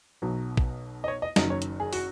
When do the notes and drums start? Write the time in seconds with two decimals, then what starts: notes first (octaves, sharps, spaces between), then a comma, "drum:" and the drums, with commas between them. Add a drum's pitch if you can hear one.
0.22 B1 B2 F#3
0.57 drum: kick A#1
1.04 D#5
1.08 C#5
1.22 D#5
1.36 F#1 F#2 D#3 F#3 D#5, drum: snare
1.50 C#5
1.62 drum: hi-hat
1.80 G#4
1.93 F#4, drum: open hi-hat